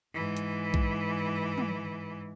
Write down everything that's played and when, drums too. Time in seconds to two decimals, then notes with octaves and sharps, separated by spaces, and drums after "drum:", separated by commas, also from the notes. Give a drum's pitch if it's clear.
0.13 G#2 E3
0.37 drum: hi-hat
0.74 drum: kick A#1
1.58 drum: tom